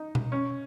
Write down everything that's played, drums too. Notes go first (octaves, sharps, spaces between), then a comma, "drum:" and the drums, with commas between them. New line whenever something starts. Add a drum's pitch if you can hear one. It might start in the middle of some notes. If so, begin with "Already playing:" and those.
Already playing: D#4
drum: tom B2
C#4